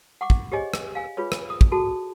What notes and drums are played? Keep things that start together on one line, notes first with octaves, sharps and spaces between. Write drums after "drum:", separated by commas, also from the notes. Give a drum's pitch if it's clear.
F#5 C#6 D6
drum: kick
G4 G#4 C5 C#5 D#5 G#5
drum: rim click
F5 G#5
F4 G#4 B4 C#5
drum: rim click
D#6
drum: kick
F#4 G#4 A4 A5